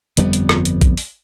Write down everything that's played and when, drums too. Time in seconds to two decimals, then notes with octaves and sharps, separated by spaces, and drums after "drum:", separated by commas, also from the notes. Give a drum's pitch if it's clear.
0.17 G1 F2 G3 B3, drum: hi-hat
0.33 drum: hi-hat
0.49 drum: rim click
0.65 drum: hi-hat
0.81 drum: kick, hi-hat
0.97 drum: open hi-hat